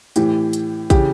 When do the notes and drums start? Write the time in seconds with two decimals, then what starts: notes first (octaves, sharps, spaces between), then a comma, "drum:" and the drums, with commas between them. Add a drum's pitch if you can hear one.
0.16 A2 E3 G4, drum: hi-hat
0.53 drum: hi-hat
0.90 C#3 E3 G4, drum: kick, hi-hat